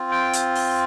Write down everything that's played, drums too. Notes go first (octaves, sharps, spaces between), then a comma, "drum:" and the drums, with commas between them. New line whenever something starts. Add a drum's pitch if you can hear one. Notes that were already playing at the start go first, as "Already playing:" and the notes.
Already playing: C4 F4
G5
drum: hi-hat
drum: open hi-hat